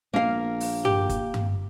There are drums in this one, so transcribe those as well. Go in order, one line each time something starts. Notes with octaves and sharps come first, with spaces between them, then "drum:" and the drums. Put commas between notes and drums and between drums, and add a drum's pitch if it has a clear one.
A#1 A#3 F5
drum: open hi-hat
G4, drum: tom G2
drum: kick F#1, hi-hat
drum: tom G2